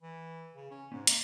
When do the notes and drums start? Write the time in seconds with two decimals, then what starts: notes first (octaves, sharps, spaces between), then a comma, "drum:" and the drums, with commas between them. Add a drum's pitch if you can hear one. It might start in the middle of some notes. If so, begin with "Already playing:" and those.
0.02 E3
0.55 C#3
0.71 C#4
0.92 G#2 C3 C4 C#4
1.07 A#3 D#5, drum: hi-hat